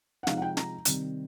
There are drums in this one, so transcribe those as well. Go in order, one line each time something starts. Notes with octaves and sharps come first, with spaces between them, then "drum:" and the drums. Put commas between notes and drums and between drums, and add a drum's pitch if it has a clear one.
F#5
C3 F3 G#3 C4 D#4 F5, drum: snare
F#5
G5
A#5, drum: snare
C3 D#3 G3 C4 D#4, drum: hi-hat